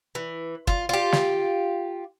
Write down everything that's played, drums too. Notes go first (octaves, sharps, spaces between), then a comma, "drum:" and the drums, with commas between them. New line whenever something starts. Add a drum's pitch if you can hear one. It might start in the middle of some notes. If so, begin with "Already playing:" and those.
E3
F4, drum: kick
F4 G4
drum: snare